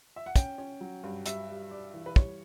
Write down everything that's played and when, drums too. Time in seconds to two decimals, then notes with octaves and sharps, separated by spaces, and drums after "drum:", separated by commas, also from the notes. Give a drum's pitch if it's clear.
0.16 E5
0.26 F#5
0.36 C#4 G5, drum: kick, hi-hat
0.58 C#4
0.81 F#3
1.03 G2
1.26 G3 E5, drum: hi-hat
1.49 G3
1.71 G3 D5
1.94 E3
2.06 B4
2.16 G3 C#5, drum: kick